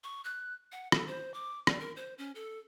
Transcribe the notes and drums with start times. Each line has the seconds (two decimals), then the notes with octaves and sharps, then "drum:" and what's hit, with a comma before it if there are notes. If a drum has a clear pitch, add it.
0.04 C#6
0.24 F#6
0.72 F#5
0.92 A4, drum: rim click
1.07 C5
1.34 D6
1.67 D5, drum: rim click
1.80 A#4
1.96 C5
2.18 C#4
2.35 A4